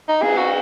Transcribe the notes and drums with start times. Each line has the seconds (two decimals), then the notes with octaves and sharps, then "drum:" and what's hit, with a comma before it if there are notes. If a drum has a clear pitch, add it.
0.09 D#4
0.22 G#4, drum: cymbal
0.37 F#4